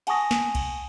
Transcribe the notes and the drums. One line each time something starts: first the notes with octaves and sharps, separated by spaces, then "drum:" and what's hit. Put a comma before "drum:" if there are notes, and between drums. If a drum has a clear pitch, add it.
F#5 G#5 A5 C#6 D#6 A#6, drum: cymbal
drum: snare
drum: kick C2, cymbal